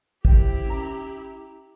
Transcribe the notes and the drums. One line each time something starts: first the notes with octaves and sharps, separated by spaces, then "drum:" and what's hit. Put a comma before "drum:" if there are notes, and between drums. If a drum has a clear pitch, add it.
E4 G4 C5 G5, drum: kick
C#4 A#5